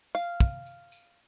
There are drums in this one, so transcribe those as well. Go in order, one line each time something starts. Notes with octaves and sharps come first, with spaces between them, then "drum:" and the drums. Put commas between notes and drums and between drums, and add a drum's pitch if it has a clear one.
F5, drum: tambourine
drum: kick, tambourine
drum: tambourine
drum: tambourine